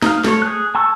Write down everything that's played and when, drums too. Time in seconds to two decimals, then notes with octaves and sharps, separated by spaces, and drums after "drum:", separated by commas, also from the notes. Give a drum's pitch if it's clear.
0.02 D#4 F5, drum: snare
0.24 A3 C#5, drum: snare
0.42 G#4 F#6
0.75 G#5 A5 C#6 E6